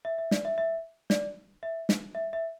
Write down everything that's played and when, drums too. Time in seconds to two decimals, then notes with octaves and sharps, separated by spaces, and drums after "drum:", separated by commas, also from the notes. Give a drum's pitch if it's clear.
0.05 E5
0.18 E5
0.31 D5, drum: snare
0.45 E5
0.58 E5
1.10 D5, drum: snare
1.63 E5
1.89 drum: snare
2.15 E5
2.33 E5